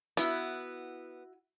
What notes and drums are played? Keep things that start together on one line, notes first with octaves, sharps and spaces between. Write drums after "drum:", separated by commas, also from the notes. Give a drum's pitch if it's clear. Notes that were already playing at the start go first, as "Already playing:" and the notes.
B3 E4 F#4, drum: hi-hat